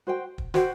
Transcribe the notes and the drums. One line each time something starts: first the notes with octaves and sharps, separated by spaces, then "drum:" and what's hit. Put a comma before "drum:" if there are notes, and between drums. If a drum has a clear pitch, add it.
F#4 C5 G5
drum: kick
F#4 C5 G5, drum: snare